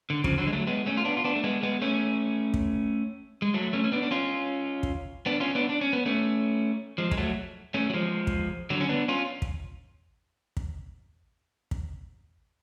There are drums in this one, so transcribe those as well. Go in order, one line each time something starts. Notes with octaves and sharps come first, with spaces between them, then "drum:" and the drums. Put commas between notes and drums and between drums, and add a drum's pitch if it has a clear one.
D3
C#3 F3, drum: kick
D3 F#3
G#3
F#3 A3
G#3 B3
A3 C#4
F4
B3 D4
F4
B3 D4
A3
G#3 B3
G#3 B3
A3 C#4
drum: kick
G#3
F#3 A3
A3 C#4
C#4
B3 D4
D4
C#4 F4
drum: kick
B3 D4
C#4 F4
B3 D4
D4
C#4
B3
A3 C#4
F3 G#3
G#3, drum: kick
F#3 A3
A3 C#4
F#3
F3 G#3
drum: kick
D3 F#3
C#4
B3 D4
C#4 F4
drum: kick
drum: kick
drum: kick